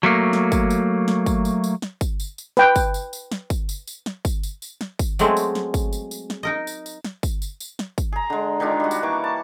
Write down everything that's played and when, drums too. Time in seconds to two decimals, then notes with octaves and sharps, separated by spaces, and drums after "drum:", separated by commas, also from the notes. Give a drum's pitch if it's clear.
0.03 F#3 A3 A#3
0.33 drum: snare
0.52 drum: kick, tambourine
0.70 drum: tambourine
1.08 drum: snare
1.26 drum: kick, tambourine
1.45 drum: tambourine
1.64 drum: tambourine
1.82 drum: snare
2.01 drum: kick, tambourine
2.20 drum: tambourine
2.38 drum: tambourine
2.57 B4 G5, drum: snare
2.76 drum: kick, tambourine
2.94 drum: tambourine
3.13 drum: tambourine
3.32 drum: snare
3.50 drum: kick, tambourine
3.69 drum: tambourine
3.87 drum: tambourine
4.06 drum: snare
4.25 drum: kick, tambourine
4.43 drum: tambourine
4.62 drum: tambourine
4.81 drum: snare
4.99 drum: kick, tambourine
5.19 F#3 G#3 A3 C4 C#4, drum: tambourine
5.37 drum: tambourine
5.55 drum: snare
5.74 drum: kick, tambourine
5.93 drum: tambourine
6.11 drum: tambourine
6.30 drum: snare
6.43 D#4 A#4 D#5
6.67 drum: tambourine
6.86 drum: tambourine
7.04 drum: snare
7.23 drum: kick, tambourine
7.42 drum: tambourine
7.60 drum: tambourine
7.79 drum: snare
7.98 drum: kick, tambourine
8.13 G#4 A#5
8.30 D3 G#3
8.60 D#3 G#3 D4 F4
8.80 G3 F#4
8.91 drum: tambourine
9.03 E3 A#3 C#6 D6
9.24 A5